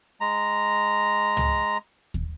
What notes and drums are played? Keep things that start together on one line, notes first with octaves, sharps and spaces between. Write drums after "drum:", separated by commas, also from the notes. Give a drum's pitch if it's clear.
G#3 A#5
drum: tom
drum: kick